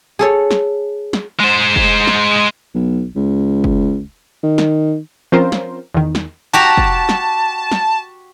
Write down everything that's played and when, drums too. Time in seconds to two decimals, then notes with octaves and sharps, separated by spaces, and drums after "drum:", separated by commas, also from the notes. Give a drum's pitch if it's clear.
0.19 G#4 A4 C#5
0.51 drum: snare
1.13 drum: snare
1.40 G#3 C5
1.76 drum: kick
2.07 drum: snare
2.74 B1
3.16 C#2
3.64 drum: kick
4.43 D#3
4.58 drum: snare
5.32 F3 C4 C#4 F4 A#4 C5
5.52 drum: snare
5.94 E2 D#3
6.15 drum: snare
6.53 F#4 G4 A5 A#5
6.77 drum: kick
7.09 drum: snare
7.72 drum: snare